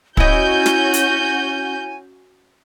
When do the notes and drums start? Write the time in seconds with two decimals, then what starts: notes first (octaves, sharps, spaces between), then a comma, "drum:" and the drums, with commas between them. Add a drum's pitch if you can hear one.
0.17 C#4 E4 F#4 D#5 G#5 G6, drum: kick
0.66 drum: snare
0.94 drum: hi-hat